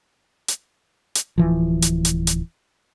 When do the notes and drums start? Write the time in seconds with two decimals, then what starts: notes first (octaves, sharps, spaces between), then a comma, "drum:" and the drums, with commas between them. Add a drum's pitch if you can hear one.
0.48 drum: hi-hat
1.15 drum: hi-hat
1.38 D1 E3 F3
1.82 drum: hi-hat
2.05 drum: hi-hat
2.27 drum: hi-hat